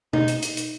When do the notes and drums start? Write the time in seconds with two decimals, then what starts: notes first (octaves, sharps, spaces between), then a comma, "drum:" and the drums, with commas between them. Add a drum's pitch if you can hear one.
0.13 D#4, drum: tom B2
0.28 drum: hi-hat
0.42 drum: hi-hat
0.57 drum: hi-hat